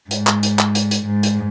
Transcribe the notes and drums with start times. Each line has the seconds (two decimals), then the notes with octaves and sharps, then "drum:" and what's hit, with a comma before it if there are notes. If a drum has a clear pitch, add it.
0.11 G#2, drum: hi-hat
0.27 drum: clap
0.43 drum: hi-hat
0.59 drum: clap
0.75 drum: hi-hat
0.91 drum: hi-hat
1.07 G#2
1.23 drum: hi-hat